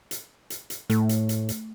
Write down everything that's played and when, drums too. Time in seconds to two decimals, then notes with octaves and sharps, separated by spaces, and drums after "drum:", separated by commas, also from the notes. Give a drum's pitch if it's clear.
0.11 drum: hi-hat
0.50 drum: hi-hat
0.70 drum: hi-hat
0.90 A2 A3, drum: hi-hat
1.09 drum: hi-hat
1.29 drum: hi-hat
1.49 drum: hi-hat